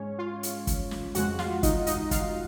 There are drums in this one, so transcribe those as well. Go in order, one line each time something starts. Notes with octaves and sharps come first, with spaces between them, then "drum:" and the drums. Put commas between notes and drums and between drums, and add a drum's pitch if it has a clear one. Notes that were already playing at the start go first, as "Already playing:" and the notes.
Already playing: G#2 G#3 C#4 C#5
F4 F5
drum: hi-hat
drum: kick, hi-hat
drum: snare
F2 C#3 G#3 F#4 F#5, drum: hi-hat
F4 F5, drum: snare
D#4 D#5, drum: kick, hi-hat
D#4 D#5, drum: hi-hat
F4 F5, drum: kick, hi-hat